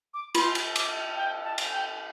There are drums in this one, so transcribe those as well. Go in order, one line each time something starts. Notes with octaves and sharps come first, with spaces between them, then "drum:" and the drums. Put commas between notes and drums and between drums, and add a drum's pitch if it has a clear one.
D6
F4 C6, drum: cymbal
drum: cymbal
D6, drum: cymbal
G5
A5
drum: cymbal
G5